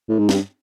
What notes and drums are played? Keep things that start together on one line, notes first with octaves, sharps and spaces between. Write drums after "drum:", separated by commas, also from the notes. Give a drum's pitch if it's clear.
A2
G#2
G2, drum: snare